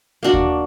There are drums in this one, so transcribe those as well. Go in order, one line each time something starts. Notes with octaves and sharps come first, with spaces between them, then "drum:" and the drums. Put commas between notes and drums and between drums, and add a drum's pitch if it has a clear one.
A#3 D4 F#4
drum: kick D#2